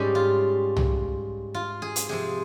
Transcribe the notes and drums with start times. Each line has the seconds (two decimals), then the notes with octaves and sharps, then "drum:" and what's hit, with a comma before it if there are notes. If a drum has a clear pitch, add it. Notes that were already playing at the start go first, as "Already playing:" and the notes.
Already playing: G#2 G3 C#4 G4
0.15 F4
0.77 drum: tom C2
1.54 F4
1.82 G#4
1.96 drum: hi-hat
2.09 C3 F3 C4 G#4